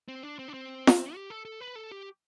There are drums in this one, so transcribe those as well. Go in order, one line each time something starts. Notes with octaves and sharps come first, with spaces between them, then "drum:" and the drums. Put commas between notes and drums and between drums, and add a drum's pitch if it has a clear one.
C4
D4
C4
D4
C4
drum: snare
G4
A4
A4
B4
A4
G4